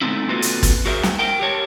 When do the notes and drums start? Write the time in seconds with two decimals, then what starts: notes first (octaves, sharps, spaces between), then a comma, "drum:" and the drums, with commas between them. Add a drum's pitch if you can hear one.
0.02 G#3 A3 B3 C4 D#4 E4
0.28 A#3 C4 F4 F#4 A4 B4
0.42 drum: hi-hat
0.63 drum: kick, hi-hat
0.86 F#4 G#4 A#4 C5 E5
1.03 drum: snare
1.19 A#4 G5
1.40 G4 A#4 C#5 A5